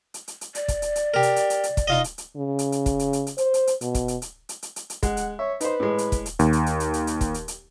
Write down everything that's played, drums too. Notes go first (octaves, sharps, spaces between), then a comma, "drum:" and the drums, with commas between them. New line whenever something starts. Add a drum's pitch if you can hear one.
drum: hi-hat
drum: hi-hat
drum: hi-hat
D5, drum: hi-hat
drum: kick, hi-hat
drum: hi-hat
drum: hi-hat
G4 A#4
drum: hi-hat
drum: hi-hat
drum: hi-hat
drum: hi-hat
drum: kick, hi-hat
D#4 F4 D#5
drum: hi-hat
drum: hi-hat
C#3
drum: hi-hat
drum: hi-hat
drum: kick, hi-hat
drum: hi-hat
drum: hi-hat
drum: hi-hat
C5, drum: hi-hat
drum: hi-hat
drum: hi-hat
B2, drum: hi-hat
drum: kick, hi-hat
drum: hi-hat
drum: hi-hat
drum: hi-hat
drum: hi-hat
drum: hi-hat
drum: hi-hat
G#3 F#5, drum: kick, hi-hat
drum: hi-hat
C#5 E5
D#4 B4 C5, drum: hi-hat
A2 G#3
drum: hi-hat
drum: kick, hi-hat
drum: hi-hat
D#2, drum: hi-hat
drum: hi-hat
drum: hi-hat
drum: hi-hat
drum: hi-hat
drum: hi-hat
drum: kick, hi-hat
drum: hi-hat
drum: hi-hat